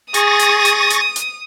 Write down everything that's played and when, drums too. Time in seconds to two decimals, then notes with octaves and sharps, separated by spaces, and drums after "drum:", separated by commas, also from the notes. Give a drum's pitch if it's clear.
0.14 G#4 C#6 D#6 A6 A#6, drum: hi-hat
0.39 drum: hi-hat
0.65 drum: hi-hat
0.90 drum: hi-hat
1.16 drum: hi-hat